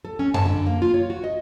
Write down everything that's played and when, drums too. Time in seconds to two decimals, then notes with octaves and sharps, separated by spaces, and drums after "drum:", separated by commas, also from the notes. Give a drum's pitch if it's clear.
0.05 A4
0.19 C#4
0.34 A5, drum: tom F#2
0.46 D3
0.66 A#3
0.82 F4
0.94 C#5
1.10 F#4
1.24 D#5